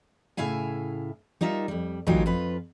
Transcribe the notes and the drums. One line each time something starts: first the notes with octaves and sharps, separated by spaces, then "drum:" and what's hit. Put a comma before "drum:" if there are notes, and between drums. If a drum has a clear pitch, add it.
A2 C#3 E4 E5 F5 G#5
G3 D#4 F4 A#4 E5
F2 G3
D2 E3 F#3 D#4 F4 G4, drum: kick
F2 F4 B4